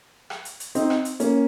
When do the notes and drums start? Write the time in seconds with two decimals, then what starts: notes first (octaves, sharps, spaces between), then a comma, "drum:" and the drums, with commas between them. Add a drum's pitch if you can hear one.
0.30 drum: rim click
0.45 drum: hi-hat
0.60 drum: hi-hat
0.75 C4 D#4, drum: hi-hat
0.90 drum: rim click
1.05 drum: hi-hat
1.20 A#3 C#4, drum: hi-hat